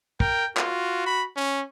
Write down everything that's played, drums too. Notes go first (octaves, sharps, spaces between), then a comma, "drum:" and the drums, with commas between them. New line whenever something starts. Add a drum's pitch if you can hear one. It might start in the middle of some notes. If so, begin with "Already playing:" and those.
A#4 G5, drum: kick
F4 F#4, drum: clap
B5
C#4